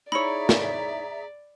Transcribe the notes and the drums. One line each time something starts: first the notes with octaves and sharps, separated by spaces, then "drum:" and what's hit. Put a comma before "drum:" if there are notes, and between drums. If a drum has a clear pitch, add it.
D#4 E4 G#4 C#5 D5 E5 A#5 B5
drum: snare